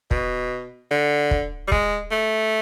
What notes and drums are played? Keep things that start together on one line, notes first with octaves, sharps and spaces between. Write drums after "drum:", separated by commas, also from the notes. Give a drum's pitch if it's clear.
B2, drum: kick
D3
drum: kick
G3
G#3, drum: kick
A3